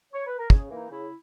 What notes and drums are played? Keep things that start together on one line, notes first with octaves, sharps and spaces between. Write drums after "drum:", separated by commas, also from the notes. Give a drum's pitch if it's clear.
C#5
B4
A#4
C#3 G#4, drum: kick
E3 A#3 D#4
C#3 E4